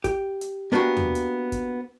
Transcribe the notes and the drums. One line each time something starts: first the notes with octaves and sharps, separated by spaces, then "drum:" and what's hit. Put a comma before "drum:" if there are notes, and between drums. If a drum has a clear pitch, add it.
G4, drum: kick, hi-hat
drum: hi-hat
A#3 B3 D4 D#4 F#4 G4
drum: tom E2
drum: hi-hat
drum: kick, hi-hat